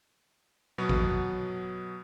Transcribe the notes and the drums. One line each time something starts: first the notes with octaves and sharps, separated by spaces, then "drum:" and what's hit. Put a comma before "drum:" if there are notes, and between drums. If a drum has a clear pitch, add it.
B2 F#3 B3
drum: kick G#1